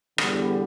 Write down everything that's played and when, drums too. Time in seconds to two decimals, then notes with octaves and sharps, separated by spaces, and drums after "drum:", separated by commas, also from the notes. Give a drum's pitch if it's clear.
0.18 E2 D3 G3 B3, drum: rim click